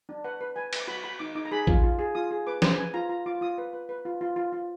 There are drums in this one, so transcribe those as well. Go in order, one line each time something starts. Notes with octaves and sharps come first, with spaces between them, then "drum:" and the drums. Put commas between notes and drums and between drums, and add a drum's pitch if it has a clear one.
D4
B4 F#5
B4
B4 G#5
B4, drum: cymbal
D6
F#4 B5
F#4 B5
D#4 D6
D#4 D6
A#5
G#4 B5
F4, drum: kick A#1
F4
G#4
F4 D#6
G#4
B4 D6
B4, drum: snare
B4 G#5
F4 A#5
F4 A#5
F4 D6
F4 D#6
B4
B4
B4
F4
F4
F4
F4